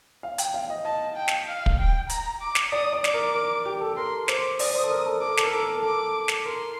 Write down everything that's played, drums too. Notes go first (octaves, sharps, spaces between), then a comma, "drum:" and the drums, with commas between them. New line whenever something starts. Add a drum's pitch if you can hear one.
F5
G5, drum: hi-hat
F5
D#5
D#5 A5
G5
drum: snare
F5
drum: kick
G5
A#5, drum: hi-hat
D6
drum: snare
D5 D#6
D5
D6, drum: snare
A#4
A#4
G4
A4
A#4 C6
C5 D6, drum: snare
D5 D#6, drum: open hi-hat
C5
A4
A#4
A4
A4 D6
A#4
A4, drum: snare
A#4
A4 D6
A#4
A4
A#4
A4 D6
drum: snare
A#4 C6